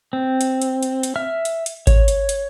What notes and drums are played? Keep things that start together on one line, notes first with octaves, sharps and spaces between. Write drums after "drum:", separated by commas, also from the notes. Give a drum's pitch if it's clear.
C4
drum: hi-hat
drum: hi-hat
drum: hi-hat
drum: hi-hat
E5 F6
drum: hi-hat
drum: hi-hat
C#5, drum: kick G#1, hi-hat
drum: hi-hat
drum: hi-hat